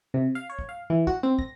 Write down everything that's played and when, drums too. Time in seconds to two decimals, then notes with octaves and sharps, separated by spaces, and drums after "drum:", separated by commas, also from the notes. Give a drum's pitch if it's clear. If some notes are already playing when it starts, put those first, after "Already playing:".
0.14 C3
0.35 F5
0.50 C#5
0.59 drum: kick
0.69 F5
0.90 E3
1.07 F#4, drum: kick
1.23 C4
1.39 A#6, drum: kick